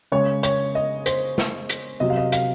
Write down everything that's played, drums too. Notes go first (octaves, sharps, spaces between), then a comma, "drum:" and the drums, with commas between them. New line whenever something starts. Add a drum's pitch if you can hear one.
C#3 G#3 C#5
C#5, drum: hi-hat
D#5
C5, drum: hi-hat
drum: snare
drum: hi-hat
C3 F#3 D#5
F5
D#5
F5, drum: hi-hat